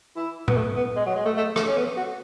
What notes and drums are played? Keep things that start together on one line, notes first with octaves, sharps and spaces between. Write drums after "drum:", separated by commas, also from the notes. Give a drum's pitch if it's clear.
E4
B3, drum: tom
A3
B3
G#3
F#3
G#3
A3
A3
A3, drum: rim click
C#4
B3
F#4